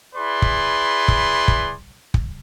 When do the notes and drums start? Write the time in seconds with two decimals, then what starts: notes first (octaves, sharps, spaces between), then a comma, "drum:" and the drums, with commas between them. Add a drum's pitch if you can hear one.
0.16 E4 G#4 B4 D5 C6
0.42 drum: kick
1.08 drum: kick
1.48 drum: kick
2.14 drum: kick